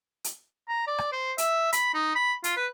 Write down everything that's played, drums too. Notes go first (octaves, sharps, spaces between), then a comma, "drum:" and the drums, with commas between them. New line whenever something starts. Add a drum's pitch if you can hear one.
drum: hi-hat
A#5
D5
drum: rim click
C5
E5, drum: hi-hat
B5, drum: hi-hat
D#4
B5
F4, drum: hi-hat
B4